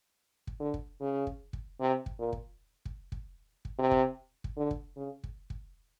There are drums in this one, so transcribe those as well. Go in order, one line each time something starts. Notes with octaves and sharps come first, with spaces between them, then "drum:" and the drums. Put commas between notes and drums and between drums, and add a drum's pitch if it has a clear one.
drum: kick
D3
drum: kick
C#3
drum: kick
drum: kick
C3
drum: kick
A#2
drum: kick
drum: kick
drum: kick
drum: kick
C3
drum: kick
drum: kick
D3
drum: kick
C#3
drum: kick
drum: kick